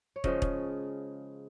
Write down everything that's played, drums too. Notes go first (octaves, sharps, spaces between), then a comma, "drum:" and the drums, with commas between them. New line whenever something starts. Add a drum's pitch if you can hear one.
C#5
C#3 F3 G#3 D#5, drum: kick
drum: kick